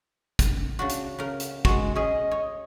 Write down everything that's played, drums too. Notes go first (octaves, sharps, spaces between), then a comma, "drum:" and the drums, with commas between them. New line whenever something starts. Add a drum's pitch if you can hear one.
drum: kick, hi-hat
C#3 D4 F#4
drum: hi-hat
C#3 A#4
drum: hi-hat
G#3 F#4 F#5, drum: kick
C#4 G#4 D#5
C#5